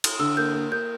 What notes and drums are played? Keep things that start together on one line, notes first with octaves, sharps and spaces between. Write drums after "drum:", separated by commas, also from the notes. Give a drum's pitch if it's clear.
drum: cymbal
D3 E6
A#3 G6
A#3
A#3 G6